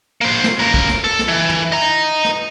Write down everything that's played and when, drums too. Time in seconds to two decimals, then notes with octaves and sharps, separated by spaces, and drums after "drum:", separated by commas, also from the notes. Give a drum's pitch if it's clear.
0.21 A#3 C5
0.44 drum: snare
0.59 C#3 A#4
0.74 drum: kick
0.89 drum: snare
1.04 A4
1.19 drum: snare
1.28 E3
1.49 drum: tom
1.72 D#5 A#5
2.25 drum: snare